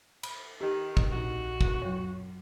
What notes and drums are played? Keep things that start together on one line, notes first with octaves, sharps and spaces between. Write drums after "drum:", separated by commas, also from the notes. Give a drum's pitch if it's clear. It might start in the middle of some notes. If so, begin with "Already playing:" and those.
B5, drum: cymbal
D#3 G4
drum: kick
A#1 D#4 F#4
drum: kick
F#2 F#3 C#5